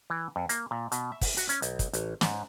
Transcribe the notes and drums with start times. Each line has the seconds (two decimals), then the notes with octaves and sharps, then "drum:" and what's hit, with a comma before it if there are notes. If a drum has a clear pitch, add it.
0.10 E3
0.36 F2
0.49 A#3, drum: hi-hat
0.71 A#2
0.92 B2, drum: hi-hat
1.12 E5
1.21 drum: kick, open hi-hat
1.37 F#4, drum: hi-hat
1.49 C#4, drum: hi-hat
1.62 B1, drum: hi-hat
1.79 drum: kick, hi-hat
1.93 A1, drum: hi-hat
2.21 G#2, drum: snare